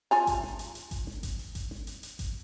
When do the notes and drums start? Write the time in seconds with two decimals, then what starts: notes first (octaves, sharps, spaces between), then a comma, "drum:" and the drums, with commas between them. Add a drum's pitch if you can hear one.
0.11 F4 G#5 A#5, drum: open hi-hat
0.27 drum: kick G#1, hi-hat
0.43 drum: snare G#1
0.59 drum: hi-hat
0.75 drum: hi-hat
0.91 drum: kick G#1, hi-hat
1.07 drum: snare G#1
1.23 drum: kick G#1, hi-hat
1.39 drum: open hi-hat
1.55 drum: kick G#1, hi-hat
1.71 drum: snare G#1
1.87 drum: hi-hat
2.03 drum: hi-hat
2.19 drum: kick G#1, hi-hat